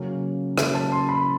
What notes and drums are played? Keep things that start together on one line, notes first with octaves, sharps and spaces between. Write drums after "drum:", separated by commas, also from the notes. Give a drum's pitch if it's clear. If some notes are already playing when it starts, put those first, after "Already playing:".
Already playing: C#3 F#3 A#3 C#4
C#3 F#3 A#3 C#4, drum: rim click
A5
C6
B5